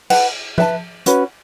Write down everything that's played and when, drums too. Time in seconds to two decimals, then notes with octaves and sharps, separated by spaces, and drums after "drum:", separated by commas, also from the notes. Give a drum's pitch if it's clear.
0.10 B4 F#5 A5, drum: cymbal
0.58 B4 E5 A5, drum: tom F3
1.06 C#4 F#4 B4, drum: hi-hat